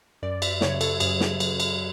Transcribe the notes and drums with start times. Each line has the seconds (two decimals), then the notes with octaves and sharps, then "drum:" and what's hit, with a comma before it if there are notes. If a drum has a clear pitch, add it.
0.23 F#2 D5
0.42 E5, drum: cymbal
0.61 C#3 F#3 C#5, drum: snare
0.81 A4, drum: cymbal
1.00 F#2 G#4, drum: cymbal
1.20 drum: snare
1.40 C#3 F#3, drum: cymbal
1.60 drum: cymbal